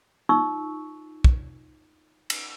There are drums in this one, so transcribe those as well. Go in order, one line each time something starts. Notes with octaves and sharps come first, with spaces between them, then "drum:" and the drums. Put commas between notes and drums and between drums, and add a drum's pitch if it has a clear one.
D#4 F4 C#6 E6
drum: kick
drum: cymbal